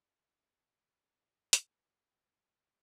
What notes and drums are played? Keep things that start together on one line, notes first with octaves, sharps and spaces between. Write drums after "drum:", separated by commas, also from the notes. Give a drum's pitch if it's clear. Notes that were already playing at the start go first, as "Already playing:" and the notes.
Already playing: D5
C3 F3 G#3
C3 F3 G#3 D5
C#5
D5
B2 F#3 A3, drum: hi-hat
B2 F#3 A3 B4
C3 D#3 G3